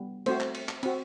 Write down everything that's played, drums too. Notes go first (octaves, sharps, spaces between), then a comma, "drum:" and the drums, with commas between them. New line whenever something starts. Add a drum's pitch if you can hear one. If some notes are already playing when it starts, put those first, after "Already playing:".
Already playing: G3 B3
A3 C4 F#4 C5, drum: cymbal
drum: clap
drum: cymbal
drum: clap
C4 F#4, drum: cymbal